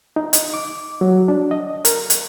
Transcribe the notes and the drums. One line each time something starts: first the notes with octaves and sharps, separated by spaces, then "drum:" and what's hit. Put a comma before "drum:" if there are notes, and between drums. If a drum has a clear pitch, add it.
D#4
D#5, drum: hi-hat
D6
F#3
D4
D#5
A#4, drum: hi-hat
drum: hi-hat